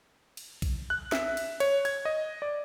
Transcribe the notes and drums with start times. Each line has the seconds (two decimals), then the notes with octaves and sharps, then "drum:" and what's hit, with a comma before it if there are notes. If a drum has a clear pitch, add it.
0.37 drum: cymbal
0.62 drum: kick, cymbal
0.90 F#6
1.12 E5, drum: snare
1.37 drum: cymbal
1.60 C#5, drum: cymbal
1.85 G#6, drum: cymbal
2.05 D#5
2.42 D5